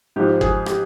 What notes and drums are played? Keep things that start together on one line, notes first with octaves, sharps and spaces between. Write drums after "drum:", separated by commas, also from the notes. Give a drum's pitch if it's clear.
G#2 F3 G4
G#4, drum: kick
G4, drum: rim click